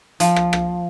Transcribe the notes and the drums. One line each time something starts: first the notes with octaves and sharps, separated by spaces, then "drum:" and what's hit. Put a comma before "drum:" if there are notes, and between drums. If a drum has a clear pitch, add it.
F3, drum: hi-hat
drum: rim click
drum: rim click